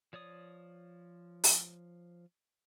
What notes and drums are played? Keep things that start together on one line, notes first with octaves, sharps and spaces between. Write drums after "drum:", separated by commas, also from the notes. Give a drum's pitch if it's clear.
F3 C#5 D5 D#6
drum: open hi-hat